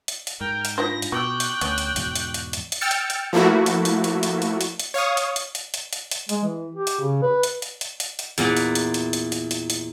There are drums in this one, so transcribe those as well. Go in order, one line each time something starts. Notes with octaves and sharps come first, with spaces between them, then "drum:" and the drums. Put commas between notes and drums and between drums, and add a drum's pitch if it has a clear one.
drum: hi-hat
drum: hi-hat
G#2 A#4 G5
drum: hi-hat
D4 D#4 F4 B4 C5 A#6
drum: hi-hat
B2 B3 G5 C#6 D6 E6 F#6
drum: hi-hat
D2 B3 C#4 C#5, drum: hi-hat
drum: hi-hat
E2 G#2 B2, drum: hi-hat
drum: hi-hat
drum: hi-hat
drum: hi-hat
drum: hi-hat
G5 E6 F6 A6 C#7
drum: hi-hat
drum: hi-hat
F3 A3 A#3 E4 F#4
drum: hi-hat
drum: hi-hat
drum: hi-hat
drum: hi-hat
drum: hi-hat
drum: hi-hat
drum: hi-hat
C#5 F5 C#6 D#6
drum: hi-hat
drum: hi-hat
drum: hi-hat
drum: hi-hat
drum: hi-hat
drum: hi-hat
G#3, drum: hi-hat
E3
G4
drum: hi-hat
C#3
B4
drum: hi-hat
drum: hi-hat
drum: hi-hat
drum: hi-hat
drum: hi-hat
E2 A#2 F#5, drum: hi-hat
drum: hi-hat
drum: hi-hat
drum: hi-hat
drum: hi-hat
drum: hi-hat
drum: hi-hat
drum: hi-hat